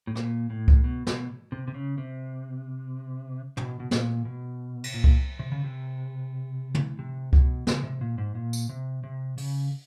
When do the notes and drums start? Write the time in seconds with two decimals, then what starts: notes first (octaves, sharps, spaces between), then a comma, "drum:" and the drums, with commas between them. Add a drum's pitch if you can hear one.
0.07 A2
0.16 A#2, drum: rim click
0.50 A2
0.68 drum: kick C2
0.84 B2
1.07 B2, drum: snare
1.52 C3
1.68 C3
1.74 C#3
1.98 C3
3.57 B2, drum: tom
3.80 B2
3.91 A#2, drum: snare
4.25 B2
4.84 drum: cymbal
4.94 A#2
5.04 drum: kick C2
5.39 C3
5.52 C#3
5.64 C3
6.75 drum: tom
6.99 C3
7.33 B2, drum: kick C2
7.67 C#3, drum: snare
7.84 C3
8.01 A#2
8.18 G#2
8.35 A#2
8.53 drum: tambourine
8.69 C3
9.03 C3
9.38 C#3, drum: open hi-hat